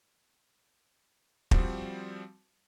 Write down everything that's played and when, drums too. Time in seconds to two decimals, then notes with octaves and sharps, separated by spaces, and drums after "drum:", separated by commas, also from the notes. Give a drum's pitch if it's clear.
1.51 F3 G3 C4 F#4, drum: kick